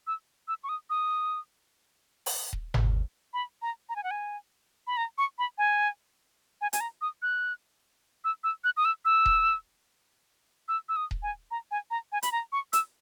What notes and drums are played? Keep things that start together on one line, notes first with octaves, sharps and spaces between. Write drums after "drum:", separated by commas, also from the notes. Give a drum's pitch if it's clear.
E6
E6
C#6
D#6
D#6
drum: open hi-hat
drum: kick D#1
drum: tom G1
B5
A#5
A#5
G#5
F#5
G#5
B5
A#5
C#6
B5
G#5
G#5
G#5, drum: hi-hat
A#5
D#6
F#6
E6
E6
F#6
D#6
E6
E6
drum: kick D#1
E6
E6
D#6
drum: kick D#1
G#5
A#5
G#5
A#5
G#5
B5, drum: hi-hat
A#5
C#6
E6, drum: hi-hat